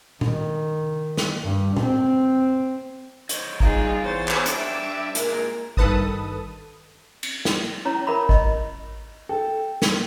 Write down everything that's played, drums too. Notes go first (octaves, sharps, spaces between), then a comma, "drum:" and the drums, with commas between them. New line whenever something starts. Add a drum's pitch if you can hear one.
D#3, drum: tom A#2
drum: snare
G2
C4, drum: tom A#2
C5 C#5 D#5, drum: hi-hat
G3 D#4 F4 G#4 F5 A#5, drum: kick
E2 C5 C#5 A6
drum: clap
D4 G4 E5 D6, drum: hi-hat
A#2 G#3 A#4, drum: hi-hat
G2 D#3 A4 B4 A5 D#6, drum: kick
drum: cymbal
drum: snare
C#4 E4 C#5 A#5
A#4 E5 A#5 B5
D#5, drum: kick
A4 G5
drum: snare